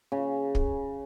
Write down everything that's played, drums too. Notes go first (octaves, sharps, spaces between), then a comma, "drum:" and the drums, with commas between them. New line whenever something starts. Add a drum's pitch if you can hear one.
C#3
drum: kick